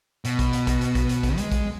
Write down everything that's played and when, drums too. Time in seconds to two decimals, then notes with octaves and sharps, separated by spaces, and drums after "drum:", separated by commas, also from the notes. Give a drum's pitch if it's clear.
0.25 B2, drum: hi-hat
0.39 drum: kick, hi-hat
0.53 drum: hi-hat
0.67 drum: kick, hi-hat
0.81 drum: hi-hat
0.95 drum: kick, hi-hat
1.09 drum: hi-hat
1.23 drum: kick, hi-hat
1.38 G#3, drum: hi-hat
1.52 drum: kick, hi-hat